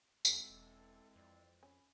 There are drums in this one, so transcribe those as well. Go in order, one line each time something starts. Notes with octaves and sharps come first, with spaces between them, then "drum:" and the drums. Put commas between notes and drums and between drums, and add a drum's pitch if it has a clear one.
D#2 E3 G#3 A3 C4 F4 F#4 A4, drum: tambourine
E1
F2 D5
C#4 B5